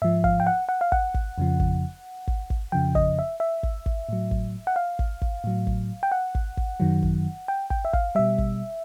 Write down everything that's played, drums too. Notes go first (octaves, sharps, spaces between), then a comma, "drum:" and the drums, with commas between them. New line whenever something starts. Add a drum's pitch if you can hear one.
G#2 F3 E5
F5, drum: kick
G5
F#5
F#5
F5
F#5, drum: kick
drum: kick
F2 C#3 F3
drum: kick
drum: kick
drum: kick
F2 C#3 F3 G5
D#5, drum: kick
E5
E5
drum: kick
drum: kick
A2 F#3
drum: kick
F#5
F5
drum: kick
drum: kick
A2 F#3
drum: kick
G5
F#5
drum: kick
drum: kick
F#2 D#3 F#3
drum: kick
G5
G5, drum: kick
E5
F5, drum: kick
B2 G3 E5
drum: kick